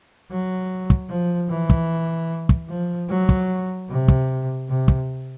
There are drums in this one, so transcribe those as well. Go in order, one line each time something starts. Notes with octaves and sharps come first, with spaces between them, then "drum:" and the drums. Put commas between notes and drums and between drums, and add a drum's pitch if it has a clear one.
F#3
drum: kick
F3
E3
drum: kick
drum: kick
F3
F#3
drum: kick
C3
drum: kick
C3
drum: kick